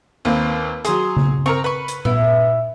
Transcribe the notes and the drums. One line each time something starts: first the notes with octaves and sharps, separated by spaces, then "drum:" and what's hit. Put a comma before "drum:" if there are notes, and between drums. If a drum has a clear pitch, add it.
D#2 A#3 C4 B4
F#3 G#4 C6 D#6, drum: hi-hat
drum: tom C#3
C4 A#4 A#5 C#6
B4 B5 C#6
drum: hi-hat
B3 E4, drum: tom A#2